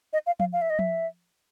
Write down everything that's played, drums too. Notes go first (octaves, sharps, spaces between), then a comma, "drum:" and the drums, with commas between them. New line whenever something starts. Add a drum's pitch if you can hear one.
D#5
F5
F5, drum: tom F3
F5
E5
D#5
E5, drum: tom F3